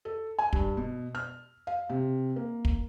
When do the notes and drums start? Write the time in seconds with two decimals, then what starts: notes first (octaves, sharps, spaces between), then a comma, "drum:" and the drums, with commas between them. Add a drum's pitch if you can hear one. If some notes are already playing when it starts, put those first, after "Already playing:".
0.05 A4
0.39 G#5
0.53 G2, drum: kick
0.77 B2
1.15 F6
1.67 F5
1.90 C3
2.36 A#3
2.65 drum: kick